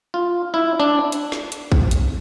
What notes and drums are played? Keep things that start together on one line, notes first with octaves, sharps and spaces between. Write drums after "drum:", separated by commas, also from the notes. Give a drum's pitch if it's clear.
F4
E4
D4
drum: hi-hat
drum: snare
drum: hi-hat
drum: kick
drum: hi-hat